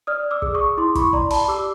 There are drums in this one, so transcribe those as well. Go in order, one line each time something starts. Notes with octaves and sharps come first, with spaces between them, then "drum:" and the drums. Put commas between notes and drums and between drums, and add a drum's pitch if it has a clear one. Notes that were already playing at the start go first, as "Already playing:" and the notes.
D5 D#6 F6
D6 E6
G#4, drum: kick
C#6 D#6
E4 C6 D6
B5 C#6, drum: kick, hi-hat
D5 A#5 C6, drum: kick
A5 B5, drum: open hi-hat
G4 D6 E6